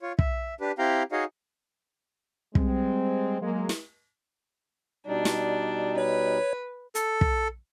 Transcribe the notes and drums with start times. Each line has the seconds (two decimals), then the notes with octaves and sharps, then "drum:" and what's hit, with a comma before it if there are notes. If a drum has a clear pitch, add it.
0.02 F4 C#5
0.19 E5, drum: kick
0.61 D4 G4 B4
0.79 C4 E4 G4 F5 G5 A#5
1.12 D#4 F#4 G#4 C#5 D#5 F5
2.55 G3 G#3 C4, drum: kick
3.41 F#3 G#3 A#3
3.69 drum: snare
5.07 B2 G3 D4 D#4
5.25 drum: snare
5.98 B4 C#5
6.95 A4, drum: hi-hat
7.21 drum: kick